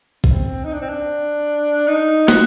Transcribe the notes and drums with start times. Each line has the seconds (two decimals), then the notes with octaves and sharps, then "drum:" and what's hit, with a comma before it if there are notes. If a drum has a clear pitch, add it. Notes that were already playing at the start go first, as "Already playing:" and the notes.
0.24 C4, drum: kick A#1
0.64 D#4
0.73 D4
0.81 C4
0.89 D4
1.87 D#4
2.28 F#4, drum: snare